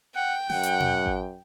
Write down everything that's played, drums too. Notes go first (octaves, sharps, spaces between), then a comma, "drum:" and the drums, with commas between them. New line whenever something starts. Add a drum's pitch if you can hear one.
F#5 G5
F#2 F#5, drum: snare
drum: hi-hat
drum: tom B2
drum: kick A1